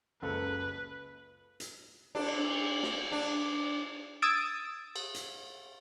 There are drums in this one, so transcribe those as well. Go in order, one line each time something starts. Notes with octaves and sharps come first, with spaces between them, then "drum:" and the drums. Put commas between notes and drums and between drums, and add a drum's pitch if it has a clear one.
F#1 C#2 A4 B4
drum: hi-hat
D4, drum: cymbal
drum: snare
D4
D#6 E6 G#6 A6 D7
drum: cymbal
drum: hi-hat